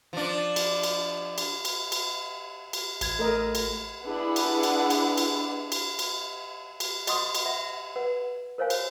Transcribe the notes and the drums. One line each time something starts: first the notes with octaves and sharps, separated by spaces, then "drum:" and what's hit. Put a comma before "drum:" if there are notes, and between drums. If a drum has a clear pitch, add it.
F3 D4
drum: cymbal
drum: cymbal
drum: cymbal
drum: cymbal
drum: cymbal
drum: cymbal
A1 G#6, drum: cymbal
A3 A4 A#4 D#5
drum: cymbal
D4 E4 G#4 B4 F#5
drum: cymbal
drum: cymbal
drum: cymbal
drum: cymbal
drum: cymbal
drum: cymbal
drum: cymbal
D#5 F#5 C6 C#6 D#6, drum: cymbal
drum: cymbal
E5 F#5
B4 F#5
A#4 C5 C#5 F5 G#5
drum: cymbal